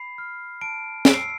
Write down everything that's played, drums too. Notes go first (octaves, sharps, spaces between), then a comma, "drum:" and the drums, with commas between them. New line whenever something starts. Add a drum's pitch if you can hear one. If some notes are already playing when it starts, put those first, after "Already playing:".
Already playing: B5 C7
F6
A5 D7
E6 D7, drum: snare
C7